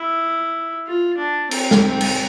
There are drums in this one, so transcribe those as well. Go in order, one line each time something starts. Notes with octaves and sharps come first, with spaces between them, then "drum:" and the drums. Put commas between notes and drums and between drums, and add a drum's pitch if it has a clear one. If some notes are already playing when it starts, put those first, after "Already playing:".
Already playing: E4
F4
D4
C4, drum: cymbal
drum: snare
C4
drum: cymbal